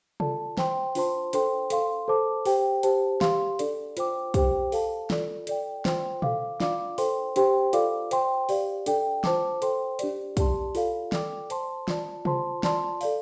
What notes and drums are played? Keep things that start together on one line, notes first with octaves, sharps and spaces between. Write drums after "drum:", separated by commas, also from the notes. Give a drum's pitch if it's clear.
F4 A4 D5 A5, drum: tom C3
C5 G5 C6, drum: snare
D4 F4 C5 A5 C6, drum: open hi-hat
D4 A4 C5 G5 C6, drum: hi-hat
A4 F5 C6, drum: hi-hat
A4 C5 A5 D6
G4 C5 G5, drum: open hi-hat
G4 C5 A5, drum: hi-hat
G4 F5 C6, drum: snare
D4 A4 D5, drum: hi-hat
F4 C5 G5 D6, drum: hi-hat
G4 C5 G5 D6, drum: kick, hi-hat
A4 F5 A5, drum: open hi-hat
F4 A4 D5, drum: snare
A4 D5 G5, drum: hi-hat
F4 C5 G5 C6, drum: snare
A4 F5 D6, drum: tom
D4 F4 D5 F5 D6, drum: snare
A4 C5 G5 C6, drum: open hi-hat
D4 G4 C5 G5 C6, drum: hi-hat
F4 A4 D5 F5 D6, drum: hi-hat
C5 G5 C6, drum: hi-hat
G4 D5 F5, drum: open hi-hat
D4 A4 D5 G5, drum: hi-hat
F4 C5 A5 D6, drum: snare
A4 C5 G5 C6, drum: hi-hat
D4 G4 D5, drum: hi-hat
G4 D5 A5 C6, drum: kick, hi-hat
F4 A4 D5 F5, drum: open hi-hat
A4 D5 G5 D6, drum: snare
C5 A5 C6, drum: hi-hat
F4 D5 A5, drum: snare
F4 C5 A5 C6, drum: tom C3
F4 D5 A5 C6, drum: snare
A4 D5 F5, drum: open hi-hat